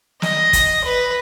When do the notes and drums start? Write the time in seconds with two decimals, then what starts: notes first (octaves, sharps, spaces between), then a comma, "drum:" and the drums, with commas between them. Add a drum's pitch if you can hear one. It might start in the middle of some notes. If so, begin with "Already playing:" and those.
0.22 D#5, drum: snare
0.53 drum: kick, hi-hat
0.84 B4